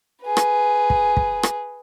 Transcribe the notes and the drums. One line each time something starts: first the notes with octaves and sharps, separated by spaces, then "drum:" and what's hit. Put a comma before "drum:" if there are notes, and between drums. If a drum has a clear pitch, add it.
G#4 B4
drum: rim click
drum: kick
drum: kick
drum: rim click